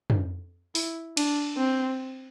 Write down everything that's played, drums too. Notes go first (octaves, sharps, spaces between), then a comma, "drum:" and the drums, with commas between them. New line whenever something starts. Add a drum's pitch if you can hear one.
drum: tom
E4, drum: open hi-hat
D4, drum: cymbal
C4